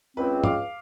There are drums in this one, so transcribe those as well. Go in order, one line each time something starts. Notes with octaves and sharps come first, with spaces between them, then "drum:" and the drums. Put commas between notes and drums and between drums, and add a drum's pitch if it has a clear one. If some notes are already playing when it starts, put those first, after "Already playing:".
C#2 C4 B4
F5 D6, drum: tom